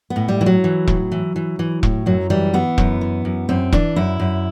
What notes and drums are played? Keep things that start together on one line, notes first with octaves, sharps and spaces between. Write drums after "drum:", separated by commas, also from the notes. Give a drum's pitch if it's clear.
B3
A2
G3
E3
F#3
E3
A2, drum: kick E1
E3
E3
E3
A2, drum: kick E1
F#2 F#3
E3 G3
E3 B3
F#2, drum: kick E1
E3
F#2
F#2 C4
E3 D4, drum: kick E1
F#2 E4
F#2